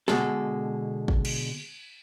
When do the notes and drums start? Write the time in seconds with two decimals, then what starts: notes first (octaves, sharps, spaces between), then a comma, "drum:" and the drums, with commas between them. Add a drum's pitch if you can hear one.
0.08 B2 D3 G#3 A4, drum: snare
1.08 drum: kick
1.25 drum: cymbal